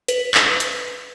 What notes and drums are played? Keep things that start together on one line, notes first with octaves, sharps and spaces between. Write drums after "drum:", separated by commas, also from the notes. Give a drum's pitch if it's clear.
B4, drum: hi-hat
drum: clap
drum: hi-hat